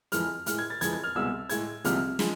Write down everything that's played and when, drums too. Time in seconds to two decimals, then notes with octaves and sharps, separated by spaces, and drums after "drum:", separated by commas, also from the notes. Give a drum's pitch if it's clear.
0.12 F2 E3 G#3 F6, drum: hi-hat
0.46 A2 G#3 F6, drum: hi-hat
0.59 G#6
0.70 A6
0.81 F2 E3 G#3 G#6, drum: hi-hat
0.93 G#6
1.04 F6
1.15 C2 B2 G#3 E6
1.50 A2 G#3 G#6, drum: hi-hat
1.84 C2 C3 F3 G#3 F6, drum: hi-hat
2.19 F3 G#3, drum: snare